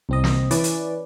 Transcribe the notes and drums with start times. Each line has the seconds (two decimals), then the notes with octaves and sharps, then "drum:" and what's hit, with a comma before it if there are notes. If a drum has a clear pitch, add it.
0.09 C2 C4 D#5
0.24 drum: snare
0.51 E3 C#4 B4 D5, drum: hi-hat
0.64 drum: hi-hat